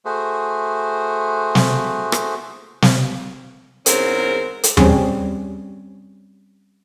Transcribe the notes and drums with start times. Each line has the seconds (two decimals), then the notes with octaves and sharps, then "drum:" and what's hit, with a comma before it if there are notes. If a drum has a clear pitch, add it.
0.05 A3 F#4 G#4 C5
1.55 drum: snare
2.12 drum: rim click
2.82 drum: snare
3.86 E2 G#2 C4 C#4 A#4, drum: hi-hat
4.63 drum: hi-hat
4.77 G3 C4 C#4 G#4, drum: tom D#2